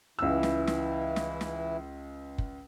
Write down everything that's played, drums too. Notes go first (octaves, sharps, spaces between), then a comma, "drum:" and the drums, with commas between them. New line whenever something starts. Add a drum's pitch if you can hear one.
C#2 E3 E4 E6
drum: snare
drum: snare
drum: snare
drum: snare
drum: kick